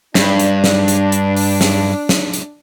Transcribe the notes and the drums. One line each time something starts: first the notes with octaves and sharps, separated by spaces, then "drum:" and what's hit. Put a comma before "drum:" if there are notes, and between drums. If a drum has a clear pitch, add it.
G2 D4, drum: snare
drum: hi-hat
drum: snare
drum: hi-hat
drum: hi-hat
drum: open hi-hat
drum: snare
drum: snare
drum: hi-hat